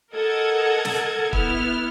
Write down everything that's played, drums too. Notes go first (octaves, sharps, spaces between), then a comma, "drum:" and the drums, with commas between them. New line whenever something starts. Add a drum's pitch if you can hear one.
A4 A#4 D#5 F#5 G#6
drum: snare
B3 E4 F6, drum: kick